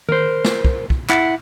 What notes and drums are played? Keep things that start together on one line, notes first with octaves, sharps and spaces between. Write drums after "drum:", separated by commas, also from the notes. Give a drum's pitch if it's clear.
A#4 C5, drum: tom D#3
drum: snare
drum: kick
drum: kick
E4 F#5, drum: clap